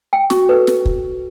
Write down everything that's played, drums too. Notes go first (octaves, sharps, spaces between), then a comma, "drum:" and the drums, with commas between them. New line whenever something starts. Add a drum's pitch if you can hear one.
G5
F#4 C#6, drum: snare
F#4 A4 B4
drum: snare
drum: kick